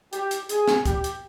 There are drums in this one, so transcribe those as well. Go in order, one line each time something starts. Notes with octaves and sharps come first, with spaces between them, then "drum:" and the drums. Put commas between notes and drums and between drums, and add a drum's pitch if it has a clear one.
G4, drum: hi-hat
drum: hi-hat
G#4, drum: hi-hat
drum: snare
G4, drum: kick, hi-hat
drum: hi-hat